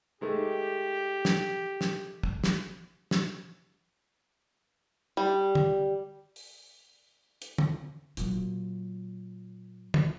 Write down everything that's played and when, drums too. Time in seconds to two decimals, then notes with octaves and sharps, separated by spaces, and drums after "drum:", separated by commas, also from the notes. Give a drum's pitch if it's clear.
0.21 D#3 G#3 A3 G4
1.25 drum: snare
1.81 drum: snare
2.23 drum: kick
2.44 drum: snare
3.11 drum: snare
5.17 G3
5.55 drum: tom
6.36 drum: open hi-hat
7.42 drum: hi-hat
7.58 drum: tom
8.17 A#2 F#3, drum: hi-hat
9.94 drum: tom